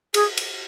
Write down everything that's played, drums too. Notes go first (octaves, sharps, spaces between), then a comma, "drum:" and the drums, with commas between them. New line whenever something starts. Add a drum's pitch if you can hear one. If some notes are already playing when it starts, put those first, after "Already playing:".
G#4, drum: cymbal
drum: cymbal